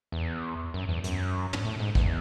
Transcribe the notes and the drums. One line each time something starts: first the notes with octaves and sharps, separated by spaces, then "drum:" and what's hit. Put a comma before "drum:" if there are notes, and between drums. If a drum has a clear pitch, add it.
E2
F#2
E2
F#2, drum: hi-hat
drum: tom
A2
G#2
E2, drum: kick